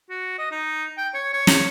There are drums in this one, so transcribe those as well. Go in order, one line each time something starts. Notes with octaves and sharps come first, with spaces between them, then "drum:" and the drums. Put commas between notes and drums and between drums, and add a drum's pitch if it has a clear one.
F#4
D#5
D#4
G5
C#5
C#5
drum: snare